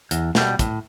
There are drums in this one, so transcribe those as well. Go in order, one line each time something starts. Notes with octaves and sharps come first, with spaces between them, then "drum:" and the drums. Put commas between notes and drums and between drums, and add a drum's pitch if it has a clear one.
E2, drum: hi-hat
B2 G3, drum: snare
A2, drum: kick, hi-hat